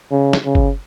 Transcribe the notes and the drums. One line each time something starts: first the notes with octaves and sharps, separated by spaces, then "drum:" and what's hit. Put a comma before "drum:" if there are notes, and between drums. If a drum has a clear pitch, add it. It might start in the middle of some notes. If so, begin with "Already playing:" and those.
C#3
drum: snare
C#3
drum: kick